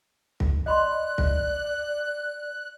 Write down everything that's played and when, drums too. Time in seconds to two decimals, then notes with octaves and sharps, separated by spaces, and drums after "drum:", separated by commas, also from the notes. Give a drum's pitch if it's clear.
0.40 drum: kick
0.66 D5 D#5 B5 C6 F#6
1.18 drum: kick